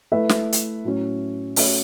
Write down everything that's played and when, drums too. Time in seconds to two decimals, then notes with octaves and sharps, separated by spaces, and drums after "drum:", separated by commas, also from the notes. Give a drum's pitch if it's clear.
0.12 A3 E4 B4 E5
0.29 drum: snare
0.52 drum: hi-hat
0.84 A2 F#3 C#4
1.56 A3 C#4 F#4 C#5 E5, drum: open hi-hat